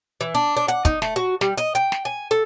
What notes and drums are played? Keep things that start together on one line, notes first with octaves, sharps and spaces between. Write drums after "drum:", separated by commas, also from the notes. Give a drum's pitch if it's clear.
E3
D4
D4
F#5, drum: hi-hat
D#4, drum: kick, hi-hat
A3, drum: snare
F#4
G3, drum: snare
D#5, drum: hi-hat
G5, drum: hi-hat
drum: snare
G#5
A4